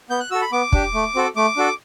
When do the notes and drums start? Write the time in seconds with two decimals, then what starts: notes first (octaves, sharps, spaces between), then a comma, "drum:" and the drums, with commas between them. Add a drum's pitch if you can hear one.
0.10 B3 G6
0.20 F#6
0.31 F#4 A4 E6
0.41 B5
0.52 B3 D6
0.72 D4 G4, drum: kick
0.94 A3
1.15 C4 F#4 A4
1.36 A3 D6
1.56 D4 F#4 A4